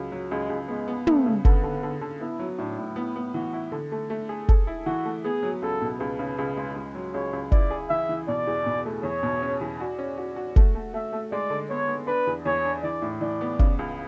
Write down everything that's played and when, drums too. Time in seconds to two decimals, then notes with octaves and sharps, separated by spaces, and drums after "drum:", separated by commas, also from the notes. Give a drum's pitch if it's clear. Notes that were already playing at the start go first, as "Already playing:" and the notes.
Already playing: C#2 F#3
0.12 F#3
0.31 C#2 G#3
0.50 C#2
0.68 G#3 B3
0.88 B3
1.07 A3 B3, drum: tom
1.26 C#3
1.45 D3 B3, drum: kick F#1
1.63 D3
1.83 D3
2.01 D3
2.20 B3 E4
2.39 F#3
2.58 A2 D4
2.78 A2
2.96 B3 E4
3.16 B3
3.34 E3 F#4
3.53 E4
3.72 D3
3.92 A3
4.10 A3
4.29 G#4
4.49 A4, drum: kick F#1
4.67 E4
4.86 E3 F#4
5.05 A3
5.24 B3 G#4
5.43 F#3
5.62 C#2 A4
5.81 B2
6.00 C#2 B4
6.19 C#3
6.38 C#2
6.57 G#3
6.76 C#2
6.95 F#3
7.14 C#2 C#5
7.33 C#2
7.52 E4 D5, drum: kick F#1
7.71 G#4
7.89 E3 E5
8.09 E3
8.28 B2 D5
8.47 E2
8.66 B2
8.85 A3
9.03 E2 C#5
9.23 B2
9.42 C#4
9.61 E2
9.80 F#4 D5
9.99 C#4
10.18 F#4
10.36 F#4
10.56 A3, drum: kick F#1
10.75 A3
10.94 A3 E5
11.13 A3
11.32 G#3 D5
11.50 D3
11.70 B3 C#5
11.88 B3
12.07 D4 B4
12.27 E2
12.45 E2 C#5
12.64 D4
12.83 E3 D5
13.02 A2
13.21 E3 D5
13.41 B3
13.59 C#3, drum: kick F#1
13.79 C#2